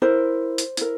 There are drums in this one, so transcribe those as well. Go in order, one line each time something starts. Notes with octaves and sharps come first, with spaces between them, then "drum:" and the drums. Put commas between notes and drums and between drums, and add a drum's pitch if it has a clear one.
E4 A#4 C5
drum: hi-hat
E4 A#4, drum: hi-hat